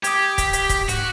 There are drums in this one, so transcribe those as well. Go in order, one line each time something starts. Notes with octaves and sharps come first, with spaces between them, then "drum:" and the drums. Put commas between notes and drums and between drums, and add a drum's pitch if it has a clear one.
G4 D#6 G#6, drum: hi-hat
B6, drum: kick, hi-hat
drum: hi-hat
drum: kick, hi-hat
G#2 F#4, drum: hi-hat